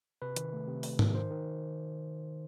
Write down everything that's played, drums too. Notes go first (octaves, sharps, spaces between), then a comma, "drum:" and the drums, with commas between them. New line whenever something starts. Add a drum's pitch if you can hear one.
C3 B4
D#3, drum: hi-hat
A3
C3
A3, drum: open hi-hat
D#3, drum: tom G#2
D#3 C5
D#3